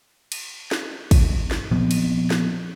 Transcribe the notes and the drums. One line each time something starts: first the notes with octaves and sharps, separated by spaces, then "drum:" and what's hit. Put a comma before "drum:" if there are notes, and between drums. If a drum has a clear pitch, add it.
drum: cymbal
drum: snare
drum: kick, cymbal
drum: snare
A#2 F3 B3 C4
drum: cymbal
drum: snare